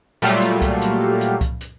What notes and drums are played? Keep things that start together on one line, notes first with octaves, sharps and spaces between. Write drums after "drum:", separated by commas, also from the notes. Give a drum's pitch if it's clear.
A#2 F#3 G3 A3 F4, drum: hi-hat
drum: hi-hat
drum: kick C2, hi-hat
drum: hi-hat
drum: hi-hat
drum: kick C2, hi-hat
drum: hi-hat